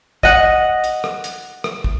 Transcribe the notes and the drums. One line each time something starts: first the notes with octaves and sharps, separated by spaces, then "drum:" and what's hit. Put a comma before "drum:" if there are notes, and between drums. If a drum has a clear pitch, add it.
D#5 F#5, drum: kick
drum: hi-hat
drum: rim click
drum: hi-hat
drum: rim click
drum: kick